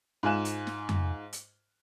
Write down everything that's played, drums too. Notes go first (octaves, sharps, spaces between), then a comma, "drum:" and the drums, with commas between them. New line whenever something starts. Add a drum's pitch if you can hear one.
G#2 F4 G#5 F#6 E7
drum: hi-hat
drum: snare
drum: tom F2
drum: hi-hat